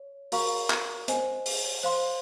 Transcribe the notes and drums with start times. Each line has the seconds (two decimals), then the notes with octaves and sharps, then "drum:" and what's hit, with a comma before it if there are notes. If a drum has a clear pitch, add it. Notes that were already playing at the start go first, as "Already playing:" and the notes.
Already playing: C#5
0.32 F#4 A#4 F5 A#5 C#6, drum: open hi-hat
0.70 drum: clap
1.08 C5 D#5 G#5, drum: hi-hat
1.46 drum: open hi-hat
1.83 C5 F5 C6